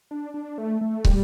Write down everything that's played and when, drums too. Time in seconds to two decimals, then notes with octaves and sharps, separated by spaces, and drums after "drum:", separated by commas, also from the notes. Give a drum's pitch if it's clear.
0.11 D4
0.34 D4
0.58 A3
0.81 A3
1.05 G3, drum: kick